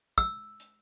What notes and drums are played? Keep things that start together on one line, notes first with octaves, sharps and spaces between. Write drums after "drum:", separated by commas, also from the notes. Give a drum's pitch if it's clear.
E6, drum: kick
drum: hi-hat